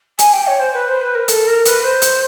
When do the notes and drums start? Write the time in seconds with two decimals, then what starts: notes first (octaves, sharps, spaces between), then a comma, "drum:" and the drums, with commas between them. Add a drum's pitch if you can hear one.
0.19 G#5, drum: hi-hat
0.33 G5
0.47 C#5
0.59 C5
0.73 B4
0.88 C5
1.01 B4
1.15 A#4
1.28 A4, drum: hi-hat
1.47 A#4
1.65 B4, drum: hi-hat
1.84 C5
2.02 drum: hi-hat